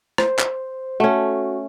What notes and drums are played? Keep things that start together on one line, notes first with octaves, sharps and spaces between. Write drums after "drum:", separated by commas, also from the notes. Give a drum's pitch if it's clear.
C5, drum: rim click
drum: clap
A3 C#4 F#4